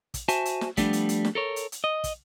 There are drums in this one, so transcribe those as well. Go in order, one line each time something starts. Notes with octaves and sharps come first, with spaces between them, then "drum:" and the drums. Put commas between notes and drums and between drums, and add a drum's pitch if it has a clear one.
drum: kick, hi-hat
F#4 C5 E5 G#5 A5, drum: hi-hat
drum: hi-hat
drum: snare
F3 G3 A3 B3 D4, drum: kick, hi-hat
drum: hi-hat
drum: hi-hat
drum: snare
A4 A#4 C#5
drum: hi-hat
drum: hi-hat
D#5
drum: kick, hi-hat